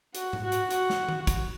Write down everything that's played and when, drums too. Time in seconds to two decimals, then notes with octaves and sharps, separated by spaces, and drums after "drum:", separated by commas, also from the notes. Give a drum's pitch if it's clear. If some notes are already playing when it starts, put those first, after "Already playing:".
0.15 F#4, drum: hi-hat
0.33 drum: tom G#2
0.43 F#4
0.52 drum: hi-hat
0.71 F#4, drum: hi-hat
0.90 drum: snare
1.09 drum: tom D#3
1.27 drum: kick, hi-hat